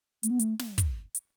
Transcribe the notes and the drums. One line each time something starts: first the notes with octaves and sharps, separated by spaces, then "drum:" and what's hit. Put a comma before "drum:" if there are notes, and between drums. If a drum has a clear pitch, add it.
A3, drum: hi-hat
B3
A3, drum: hi-hat
drum: snare
drum: kick, hi-hat
drum: hi-hat